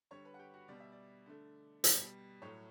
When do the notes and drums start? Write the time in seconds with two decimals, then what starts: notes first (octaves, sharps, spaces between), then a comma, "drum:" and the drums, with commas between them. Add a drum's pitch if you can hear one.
0.11 D3 G3 C#5 C#6
0.25 B4 B5
0.34 F#5
0.39 G4 G5
0.54 F#4 F#5
0.68 B2 G3 D5
0.80 E5
0.92 D5
1.26 D3 A3
1.84 B2 G3, drum: hi-hat
2.42 A2 F#3 A3 C#5